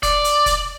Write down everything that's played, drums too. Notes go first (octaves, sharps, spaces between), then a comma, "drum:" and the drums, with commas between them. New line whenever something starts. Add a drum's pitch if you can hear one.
D5, drum: kick F1, hi-hat
drum: hi-hat
drum: kick F1, hi-hat